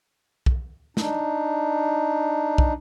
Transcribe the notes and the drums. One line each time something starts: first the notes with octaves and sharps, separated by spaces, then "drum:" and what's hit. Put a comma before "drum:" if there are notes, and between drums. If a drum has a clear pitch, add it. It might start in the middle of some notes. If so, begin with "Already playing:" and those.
drum: kick
D4 D#4, drum: snare
drum: kick